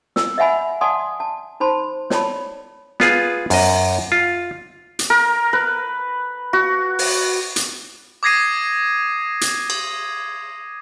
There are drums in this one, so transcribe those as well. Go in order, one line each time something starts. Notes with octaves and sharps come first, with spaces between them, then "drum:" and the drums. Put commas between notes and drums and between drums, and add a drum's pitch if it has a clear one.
E6, drum: snare
D#5 E5 F#5 G#5 B5
D5 F#5 G#5 A5 C6 D#6
A5
D#4 C5 A5 B5 C6
C#5 D5 A5 B5, drum: snare
B3 F4 G#4, drum: snare
F#2 D#5, drum: open hi-hat
F4
drum: hi-hat
A#4
B4
F#4
drum: open hi-hat
drum: hi-hat
D6 D#6 G#6 A#6 C7 D#7
drum: hi-hat
drum: cymbal